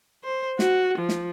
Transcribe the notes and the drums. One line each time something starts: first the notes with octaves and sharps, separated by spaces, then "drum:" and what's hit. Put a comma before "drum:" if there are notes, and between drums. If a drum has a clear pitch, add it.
C5
F#4, drum: snare
F3
drum: snare